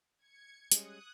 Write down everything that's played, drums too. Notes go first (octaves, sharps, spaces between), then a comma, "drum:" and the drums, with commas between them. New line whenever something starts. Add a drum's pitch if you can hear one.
G#6 C#7
G3 G#3 C#4 D#6 F#6, drum: hi-hat